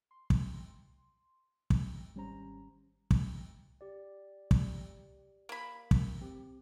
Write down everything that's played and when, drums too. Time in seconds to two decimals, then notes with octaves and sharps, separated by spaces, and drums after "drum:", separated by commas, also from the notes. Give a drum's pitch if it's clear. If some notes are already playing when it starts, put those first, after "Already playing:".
0.11 C6
0.30 drum: kick
1.70 drum: kick
2.15 G#1 G3 C#4 C5 A#5
3.11 drum: kick
3.81 G4 D5
4.51 drum: kick
5.49 A#3 B5
5.91 drum: kick
6.21 C4 G4